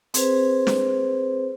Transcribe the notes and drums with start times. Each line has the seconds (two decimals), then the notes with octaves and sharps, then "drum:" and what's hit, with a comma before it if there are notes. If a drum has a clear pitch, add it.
0.14 C4 G#4 B4 C5, drum: hi-hat
0.67 drum: snare